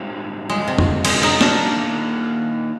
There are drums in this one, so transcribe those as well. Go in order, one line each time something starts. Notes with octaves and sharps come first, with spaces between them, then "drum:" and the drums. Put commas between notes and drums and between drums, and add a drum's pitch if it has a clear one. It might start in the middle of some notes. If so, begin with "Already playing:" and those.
Already playing: G#2 G3 C4 F4
G2 D3 F3 G#3
C3
drum: tom F2
G#3, drum: cymbal
D#4
D4, drum: snare
D#3 A#3 F4